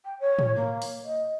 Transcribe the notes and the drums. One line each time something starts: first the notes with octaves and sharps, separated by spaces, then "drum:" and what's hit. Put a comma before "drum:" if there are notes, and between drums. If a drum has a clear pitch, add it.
G5
C#5
drum: tom A2
A#3
drum: open hi-hat
D#5